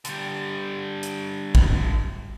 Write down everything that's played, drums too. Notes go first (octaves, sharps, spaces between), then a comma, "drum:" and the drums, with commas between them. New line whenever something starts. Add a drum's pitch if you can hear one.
D3 G3, drum: hi-hat
drum: hi-hat
drum: kick